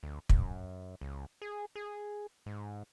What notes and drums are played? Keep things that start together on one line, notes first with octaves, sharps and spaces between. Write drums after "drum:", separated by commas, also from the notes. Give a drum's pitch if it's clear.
D2
F#2, drum: kick
C#2
G#4
G#4
G#2